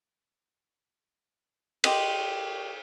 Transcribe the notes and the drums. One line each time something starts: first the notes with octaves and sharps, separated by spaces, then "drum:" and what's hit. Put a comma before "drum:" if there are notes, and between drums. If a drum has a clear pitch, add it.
G4 D#5 C6, drum: cymbal